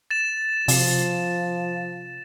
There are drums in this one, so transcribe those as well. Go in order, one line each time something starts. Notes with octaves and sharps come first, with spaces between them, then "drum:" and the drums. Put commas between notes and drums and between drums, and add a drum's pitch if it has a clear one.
A6 E7
C3 F3, drum: open hi-hat